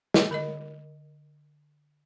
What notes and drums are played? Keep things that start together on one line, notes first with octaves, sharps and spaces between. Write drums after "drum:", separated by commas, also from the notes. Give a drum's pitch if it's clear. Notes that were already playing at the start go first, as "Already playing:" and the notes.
drum: snare
D3 A#4 D#5